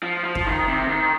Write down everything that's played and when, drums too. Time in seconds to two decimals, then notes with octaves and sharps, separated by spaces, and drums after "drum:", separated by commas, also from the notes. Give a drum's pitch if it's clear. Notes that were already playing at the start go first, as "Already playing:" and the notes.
0.03 F3
0.24 F3
0.35 drum: kick
0.46 D#3
0.68 C3
0.88 D#3